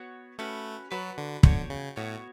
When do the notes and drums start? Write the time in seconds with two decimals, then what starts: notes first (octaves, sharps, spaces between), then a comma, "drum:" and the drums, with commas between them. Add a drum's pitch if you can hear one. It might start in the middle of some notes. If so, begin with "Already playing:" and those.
Already playing: B3 F#4 C#5
0.38 A3 C#4 F#4 B4
0.91 F#3 F#4 B4 F#5 A5
1.18 D3
1.43 D3 F#4 C#5 G5, drum: kick
1.70 C#3
1.96 A2 B3 F#4 C#5